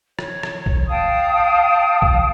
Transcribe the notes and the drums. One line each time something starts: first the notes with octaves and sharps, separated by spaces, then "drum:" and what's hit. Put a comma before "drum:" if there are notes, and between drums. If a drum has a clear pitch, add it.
C#5, drum: rim click
drum: rim click
drum: kick B1
F5 G5 A5 D#6
drum: kick B1